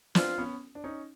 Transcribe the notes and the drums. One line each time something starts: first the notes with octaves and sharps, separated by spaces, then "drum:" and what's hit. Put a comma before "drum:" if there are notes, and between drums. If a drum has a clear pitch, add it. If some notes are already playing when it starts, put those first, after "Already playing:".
C4 D4 F4, drum: snare
B3 C#4
D4
C#4 D#4